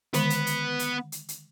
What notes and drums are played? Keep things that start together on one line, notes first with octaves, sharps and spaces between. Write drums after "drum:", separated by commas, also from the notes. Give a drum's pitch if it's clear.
D3 D#3 G#3 B3 B4, drum: hi-hat
drum: hi-hat
drum: hi-hat
drum: hi-hat
drum: hi-hat
drum: hi-hat